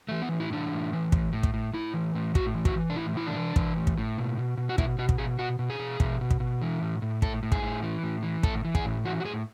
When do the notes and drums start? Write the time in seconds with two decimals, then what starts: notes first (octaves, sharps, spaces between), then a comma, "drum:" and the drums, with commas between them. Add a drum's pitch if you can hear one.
0.09 E3 A3
0.22 B3
0.31 A2
0.40 E4
0.52 E3 D4
0.72 A2
0.93 E3
1.12 A2, drum: kick
1.33 A2
1.43 drum: kick
1.54 A2
1.74 A2 E4
1.94 E3
2.15 A2
2.35 A2 F#4, drum: kick
2.54 E3
2.65 F#4, drum: kick
2.76 E3
2.90 D4
2.95 A2 E4
3.16 E3 E4
3.27 D4
3.36 E3
3.56 E3, drum: kick
3.76 A2
3.87 drum: kick
3.98 A2
4.18 B2
4.38 B2
4.57 B2
4.69 F#4
4.78 B2 E4, drum: kick
4.98 B2 F#4
5.09 drum: kick
5.18 B2 G#4
5.39 B2 F#4
5.59 B2
5.70 G#4
5.79 B2
6.00 B2, drum: kick
6.21 B2
6.31 drum: kick
6.40 B2
6.62 E3
6.82 A2
7.02 A2
7.22 A2 A4, drum: kick
7.43 A2
7.52 G#4, drum: kick
7.62 A2
7.83 E3
8.03 A2
8.23 E3
8.43 A2 A4, drum: kick
8.65 E3
8.75 G#4, drum: kick
8.84 A2
9.05 E3 F#4
9.20 F#4
9.25 A2 G#4